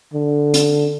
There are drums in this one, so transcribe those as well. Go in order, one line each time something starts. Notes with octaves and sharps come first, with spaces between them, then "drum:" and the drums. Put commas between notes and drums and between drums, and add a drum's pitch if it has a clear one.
D3
drum: hi-hat